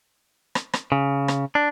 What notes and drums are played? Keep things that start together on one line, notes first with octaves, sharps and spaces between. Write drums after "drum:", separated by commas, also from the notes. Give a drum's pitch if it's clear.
drum: rim click
drum: rim click
C#3
drum: rim click
D4